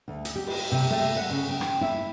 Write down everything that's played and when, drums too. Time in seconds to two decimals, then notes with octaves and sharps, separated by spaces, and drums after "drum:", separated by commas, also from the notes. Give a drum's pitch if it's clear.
0.08 D2
0.25 drum: hi-hat
0.36 G4
0.47 drum: cymbal
0.72 C3
0.90 A3
1.16 F#5
1.30 C#3
1.49 G5
1.61 drum: rim click
1.81 E4